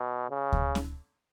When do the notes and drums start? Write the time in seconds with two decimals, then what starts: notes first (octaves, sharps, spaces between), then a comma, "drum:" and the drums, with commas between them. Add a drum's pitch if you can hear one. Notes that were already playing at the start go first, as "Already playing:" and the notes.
Already playing: B2
0.30 C#3
0.52 drum: kick D2
0.75 drum: snare